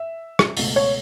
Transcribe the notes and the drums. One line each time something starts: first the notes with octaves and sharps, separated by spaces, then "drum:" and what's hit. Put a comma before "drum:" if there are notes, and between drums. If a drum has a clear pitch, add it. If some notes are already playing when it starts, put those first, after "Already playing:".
Already playing: E5
drum: rim click
C#2 B2 A3, drum: open hi-hat
C#5